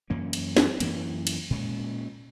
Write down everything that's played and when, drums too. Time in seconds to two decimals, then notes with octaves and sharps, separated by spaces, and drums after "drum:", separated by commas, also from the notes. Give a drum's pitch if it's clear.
0.10 F#2 E3 A#3 C#4
0.33 drum: cymbal
0.57 drum: snare
0.80 F#2 E3 A#3 C#4, drum: cymbal
1.27 drum: cymbal
1.50 A#2 G#3 C#4